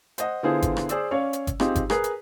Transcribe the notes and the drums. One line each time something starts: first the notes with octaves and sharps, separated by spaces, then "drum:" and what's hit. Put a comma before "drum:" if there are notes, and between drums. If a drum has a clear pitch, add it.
C5 D#5 F#5, drum: hi-hat
D3 B3 E4 F4 G#4 C5
drum: kick G1, hi-hat
drum: rim click
G#4 C5 D5 E6, drum: hi-hat
C#4 C#5 D5 F5
drum: hi-hat
drum: kick G1, hi-hat
C4 D#4 F4 G4 G#4, drum: rim click
drum: kick G1, hi-hat
G#4 A#4 B4, drum: rim click
drum: hi-hat